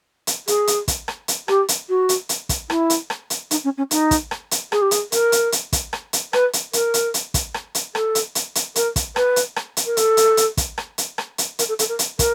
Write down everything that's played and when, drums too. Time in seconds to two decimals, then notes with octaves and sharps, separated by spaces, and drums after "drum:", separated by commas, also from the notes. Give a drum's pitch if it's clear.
0.27 drum: hi-hat
0.48 G#4, drum: hi-hat
0.67 drum: hi-hat
0.88 drum: kick, hi-hat
1.08 drum: rim click
1.28 drum: hi-hat
1.48 G4, drum: rim click
1.68 drum: hi-hat
1.89 F#4
2.09 drum: hi-hat
2.29 drum: hi-hat
2.49 drum: kick, hi-hat
2.70 E4, drum: rim click
2.90 drum: hi-hat
3.10 drum: rim click
3.30 drum: hi-hat
3.51 D#4, drum: hi-hat
3.64 C#4
3.77 C#4
3.91 D#4, drum: hi-hat
4.11 drum: kick, hi-hat
4.31 drum: rim click
4.51 drum: hi-hat
4.72 G#4, drum: rim click
4.82 G4
4.91 G#4, drum: hi-hat
5.12 A#4, drum: hi-hat
5.32 drum: hi-hat
5.52 drum: hi-hat
5.73 drum: kick, hi-hat
5.93 drum: rim click
6.13 drum: hi-hat
6.33 B4, drum: rim click
6.53 drum: hi-hat
6.73 A#4, drum: hi-hat
6.94 drum: hi-hat
7.14 drum: hi-hat
7.34 drum: kick, hi-hat
7.54 drum: rim click
7.75 drum: hi-hat
7.95 A4, drum: rim click
8.15 drum: hi-hat
8.35 drum: hi-hat
8.55 drum: hi-hat
8.76 A#4, drum: hi-hat
8.96 drum: kick, hi-hat
9.16 B4, drum: rim click
9.36 drum: hi-hat
9.56 drum: rim click
9.77 drum: hi-hat
9.86 A#4
9.97 A4, drum: hi-hat
10.17 drum: hi-hat
10.37 drum: hi-hat
10.57 drum: kick, hi-hat
10.78 drum: rim click
10.98 drum: hi-hat
11.18 drum: rim click
11.38 drum: hi-hat
11.59 A#4, drum: hi-hat
11.68 A4
11.79 A4, drum: hi-hat
11.89 A#4
11.99 drum: hi-hat
12.19 A#4, drum: kick, hi-hat